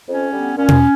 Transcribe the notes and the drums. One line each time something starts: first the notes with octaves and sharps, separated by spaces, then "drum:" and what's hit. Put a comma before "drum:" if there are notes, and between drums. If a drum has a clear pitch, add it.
F2 C#4
D3 G3 B3
A#2 C#4
drum: tom B2